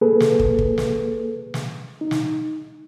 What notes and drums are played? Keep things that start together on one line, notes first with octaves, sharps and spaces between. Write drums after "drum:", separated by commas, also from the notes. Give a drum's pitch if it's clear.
A#3 G#4 A4 B4
drum: snare
drum: kick
drum: kick
drum: snare
drum: snare
D#4
drum: snare